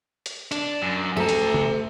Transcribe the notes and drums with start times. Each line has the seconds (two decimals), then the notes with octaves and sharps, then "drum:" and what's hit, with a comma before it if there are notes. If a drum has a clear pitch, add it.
0.26 drum: hi-hat
0.51 D4, drum: hi-hat
0.82 F#2
1.17 D2 A4 E5 A#5
1.29 drum: hi-hat
1.54 drum: tom